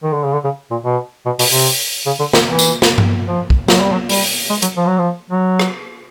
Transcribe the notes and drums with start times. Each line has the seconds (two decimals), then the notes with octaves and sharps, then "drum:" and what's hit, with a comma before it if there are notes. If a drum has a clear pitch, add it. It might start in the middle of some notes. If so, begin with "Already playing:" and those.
0.04 D#3
0.13 D3
0.23 C#3
0.33 D3
0.44 C#3
0.71 A#2
0.85 B2
1.26 B2
1.39 B2, drum: open hi-hat
1.52 C3
2.06 C#3
2.19 D3
2.33 D#3, drum: snare
2.47 E3
2.59 drum: tambourine
2.82 drum: snare
2.98 drum: tom G2
3.27 F3
3.50 drum: kick
3.68 F#3, drum: snare
3.80 G3
3.93 F#3
4.09 G3, drum: open hi-hat
4.49 G#3
4.62 F#3, drum: hi-hat
4.77 F3
4.86 F#3
4.98 F3
5.30 F#3
5.59 drum: rim click